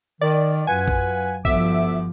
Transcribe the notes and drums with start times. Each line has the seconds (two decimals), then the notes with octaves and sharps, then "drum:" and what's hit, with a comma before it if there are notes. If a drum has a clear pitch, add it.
0.21 D#3 D5
0.67 F#2 F4 B4 F#5 G#5
0.88 drum: kick A1
1.45 G1 D2 F3 B3 E5 D6, drum: kick A1